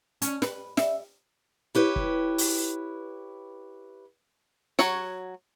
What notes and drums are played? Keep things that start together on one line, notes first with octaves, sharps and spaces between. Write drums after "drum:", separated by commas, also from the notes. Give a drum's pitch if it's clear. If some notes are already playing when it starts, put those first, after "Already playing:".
C#4, drum: hi-hat
B4, drum: snare
E5, drum: snare
E4 G4 B4 C#5
drum: kick
drum: open hi-hat
F#3 F#4 C#5, drum: snare